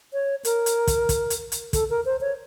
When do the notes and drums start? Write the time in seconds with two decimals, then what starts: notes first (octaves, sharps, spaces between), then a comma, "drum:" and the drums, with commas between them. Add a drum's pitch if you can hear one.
0.13 C#5
0.45 A#4, drum: hi-hat
0.66 drum: hi-hat
0.87 drum: kick, hi-hat
1.09 drum: kick, hi-hat
1.30 drum: hi-hat
1.52 drum: hi-hat
1.73 A4, drum: kick, hi-hat
1.90 A#4
2.05 C5
2.21 C#5